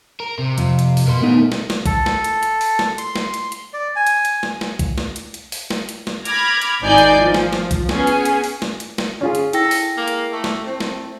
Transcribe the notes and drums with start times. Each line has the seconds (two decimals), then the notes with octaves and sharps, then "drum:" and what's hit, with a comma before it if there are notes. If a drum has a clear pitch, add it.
0.20 A#4
0.39 C3
0.58 F2, drum: hi-hat
0.79 drum: hi-hat
0.97 drum: open hi-hat
1.07 B2 A#4 C6
1.22 A3 B3 D#4
1.52 drum: snare
1.70 drum: snare
1.86 A4, drum: kick, hi-hat
2.06 drum: snare
2.24 drum: hi-hat
2.43 drum: hi-hat
2.61 drum: open hi-hat
2.79 drum: snare
2.98 C6, drum: hi-hat
3.15 drum: snare
3.34 drum: hi-hat
3.52 drum: hi-hat
3.73 D5
3.96 G#5
4.07 drum: hi-hat
4.25 drum: hi-hat
4.43 drum: snare
4.61 drum: snare
4.79 drum: kick, hi-hat
4.98 drum: snare
5.16 drum: hi-hat
5.34 drum: hi-hat
5.52 drum: open hi-hat
5.70 drum: snare
5.89 drum: hi-hat
6.07 drum: snare
6.25 B5 D6 F6 G#6 A#6, drum: hi-hat
6.62 drum: hi-hat
6.82 G#1 D#4 D5 G#5 G6 C7
6.98 drum: hi-hat
7.21 F3
7.34 drum: snare
7.53 drum: snare
7.71 drum: kick, hi-hat
7.89 B3 C#4 G#4 G#5, drum: snare
8.07 drum: hi-hat
8.25 drum: hi-hat
8.44 drum: open hi-hat
8.62 drum: snare
8.80 drum: hi-hat
8.98 drum: snare
9.21 C#4 F4 G#4
9.35 drum: hi-hat
9.53 E4 A4 G5 A#6, drum: hi-hat
9.71 drum: open hi-hat
9.97 G#3 A#3
10.08 drum: hi-hat
10.33 A3
10.44 drum: snare
10.66 A3 C4
10.80 drum: snare